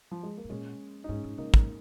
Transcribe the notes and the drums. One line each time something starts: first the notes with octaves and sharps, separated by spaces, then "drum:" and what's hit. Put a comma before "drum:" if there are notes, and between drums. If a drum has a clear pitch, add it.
F3
G#3
A#3
G#2
A#2 G#3 C#4
D#4
G#2 G#3 C#4
G#2
C#3 A#3 D#4
G#2, drum: kick